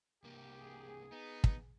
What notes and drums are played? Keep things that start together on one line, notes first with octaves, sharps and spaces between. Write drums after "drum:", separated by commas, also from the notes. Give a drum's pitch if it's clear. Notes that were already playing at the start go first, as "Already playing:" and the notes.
C2 A#3 G4
G#4
B3 D#4
drum: kick